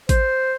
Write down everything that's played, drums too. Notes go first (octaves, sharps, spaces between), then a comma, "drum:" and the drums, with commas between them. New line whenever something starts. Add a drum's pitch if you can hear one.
C5, drum: kick A1, hi-hat